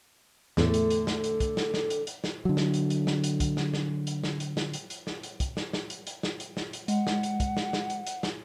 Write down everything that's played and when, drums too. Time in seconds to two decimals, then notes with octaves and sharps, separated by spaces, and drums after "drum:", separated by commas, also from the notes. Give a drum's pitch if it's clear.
0.57 E2 A2 D3 A3, drum: snare
0.74 drum: hi-hat
0.90 drum: hi-hat
1.07 drum: snare
1.24 drum: hi-hat
1.40 drum: kick, hi-hat
1.57 drum: snare
1.74 drum: snare
1.90 drum: hi-hat
2.07 drum: hi-hat
2.24 drum: snare
2.45 D3 F#3
2.57 drum: snare
2.74 drum: hi-hat
2.90 drum: hi-hat
3.07 drum: snare
3.24 drum: hi-hat
3.40 drum: kick, hi-hat
3.57 drum: snare
3.74 drum: snare
4.07 drum: hi-hat
4.24 drum: snare
4.40 drum: hi-hat
4.57 drum: snare
4.73 drum: hi-hat
4.90 drum: hi-hat
5.07 drum: snare
5.23 drum: hi-hat
5.40 drum: kick, hi-hat
5.57 drum: snare
5.73 drum: snare
5.90 drum: hi-hat
6.07 drum: hi-hat
6.23 drum: snare
6.40 drum: hi-hat
6.57 drum: snare
6.73 drum: hi-hat
6.88 G#3 F#5, drum: hi-hat
7.07 drum: snare
7.23 drum: hi-hat
7.40 drum: kick, hi-hat
7.57 drum: snare
7.73 drum: snare
7.90 drum: hi-hat
8.07 drum: hi-hat
8.23 drum: snare